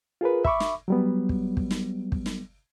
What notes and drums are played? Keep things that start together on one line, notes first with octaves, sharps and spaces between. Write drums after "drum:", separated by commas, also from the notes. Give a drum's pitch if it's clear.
F4 G#4 A#4 B4
E5 B5 C#6 D6, drum: kick
drum: snare
F#3 G3 B3
drum: kick
drum: kick
drum: snare
drum: kick
drum: snare